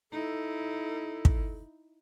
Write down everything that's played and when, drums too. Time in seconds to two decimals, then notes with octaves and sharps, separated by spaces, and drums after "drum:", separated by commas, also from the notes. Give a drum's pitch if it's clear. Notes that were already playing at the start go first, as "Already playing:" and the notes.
0.12 D#4 E4 A4
1.25 drum: kick